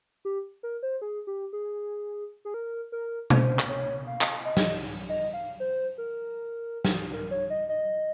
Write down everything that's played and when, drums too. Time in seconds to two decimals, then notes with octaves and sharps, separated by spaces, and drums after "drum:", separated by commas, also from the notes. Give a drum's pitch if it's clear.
0.25 G4
0.63 A#4
0.83 C5
1.02 G#4
1.27 G4
1.53 G#4
2.45 G#4
2.54 A#4
2.92 A#4
3.30 C5, drum: tom B2
3.59 drum: clap
3.69 C#5
4.07 F5
4.21 drum: clap
4.45 D#5
4.57 drum: snare
4.75 drum: open hi-hat
5.09 D#5
5.34 F5
5.60 C5
5.98 A#4
6.85 drum: snare
7.13 A#4
7.31 C#5
7.50 D#5
7.69 D#5